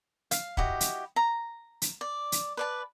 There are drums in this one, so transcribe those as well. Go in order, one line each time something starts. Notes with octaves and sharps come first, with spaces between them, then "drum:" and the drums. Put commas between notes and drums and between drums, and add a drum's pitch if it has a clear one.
F5, drum: hi-hat
E4 F#4 G4 D#5, drum: kick
drum: hi-hat
A#5
drum: hi-hat
D5
drum: hi-hat
B4 D5 A5